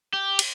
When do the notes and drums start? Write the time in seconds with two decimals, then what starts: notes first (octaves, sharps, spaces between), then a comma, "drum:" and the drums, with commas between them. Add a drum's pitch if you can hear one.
0.13 G4
0.39 drum: cymbal